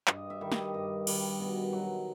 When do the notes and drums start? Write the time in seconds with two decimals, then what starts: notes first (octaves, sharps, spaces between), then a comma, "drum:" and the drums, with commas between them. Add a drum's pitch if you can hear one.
0.07 G2 D#5, drum: clap
0.30 E5
0.41 D#3 G3
0.52 D#5, drum: snare
0.74 G2
1.07 D#3 G3, drum: cymbal
1.40 B2
1.73 F#3